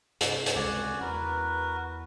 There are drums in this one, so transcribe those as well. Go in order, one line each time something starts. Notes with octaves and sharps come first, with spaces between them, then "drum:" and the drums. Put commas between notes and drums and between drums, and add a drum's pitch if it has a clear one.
G2 C3, drum: hi-hat
drum: hi-hat
C#2 C3 F#4 D5 G#5
E2 F#4 A#4 B4